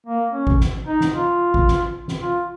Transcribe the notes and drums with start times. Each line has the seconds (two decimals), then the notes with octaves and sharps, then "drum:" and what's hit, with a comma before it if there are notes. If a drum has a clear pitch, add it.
0.06 A#3
0.33 C#4
0.47 drum: kick G#1
0.60 drum: snare
0.87 D#4
1.01 drum: snare
1.14 F4
1.54 drum: kick G#1
1.68 drum: snare
2.08 drum: snare
2.21 F4